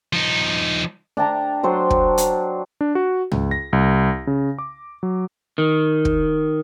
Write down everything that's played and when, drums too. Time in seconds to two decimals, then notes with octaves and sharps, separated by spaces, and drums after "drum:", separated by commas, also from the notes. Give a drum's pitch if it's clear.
0.13 F3 D#4
1.17 D4 G5 A5 A#5
1.63 F#3 C5 G5
1.90 drum: kick
2.18 drum: hi-hat
2.81 D4
2.95 F#4
3.31 C#2, drum: tom
3.51 A#6
3.73 C2
4.27 C#3
4.59 D6
5.03 F#3
5.58 D#3
6.05 drum: kick